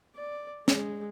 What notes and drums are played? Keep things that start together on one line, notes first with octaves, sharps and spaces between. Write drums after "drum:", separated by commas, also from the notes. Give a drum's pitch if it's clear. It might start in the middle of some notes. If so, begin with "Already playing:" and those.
D5
G#3, drum: snare